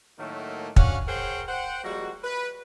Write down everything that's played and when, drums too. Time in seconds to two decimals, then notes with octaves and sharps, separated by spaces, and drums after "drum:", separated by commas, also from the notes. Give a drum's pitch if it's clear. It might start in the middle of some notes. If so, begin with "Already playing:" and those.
0.19 A2 D#3 F#3 A3 A#3 F#4
0.76 C#4 D4 F#4 F5 F#5 G#5, drum: kick
1.07 G#4 A#4 C5 C#5 F#5 G5
1.48 C5 F#5 G5
1.83 F3 G3 G#3 A#3 F#4
2.23 B4